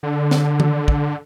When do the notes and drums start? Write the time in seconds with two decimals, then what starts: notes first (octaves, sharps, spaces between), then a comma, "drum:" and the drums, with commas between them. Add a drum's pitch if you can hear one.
0.03 D3
0.31 drum: snare
0.60 drum: tom D#3
0.88 drum: kick